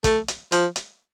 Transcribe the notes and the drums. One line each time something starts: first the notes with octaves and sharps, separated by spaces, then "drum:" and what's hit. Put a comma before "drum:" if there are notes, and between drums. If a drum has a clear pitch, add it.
A3, drum: kick, hi-hat
drum: hi-hat
F3, drum: hi-hat
drum: hi-hat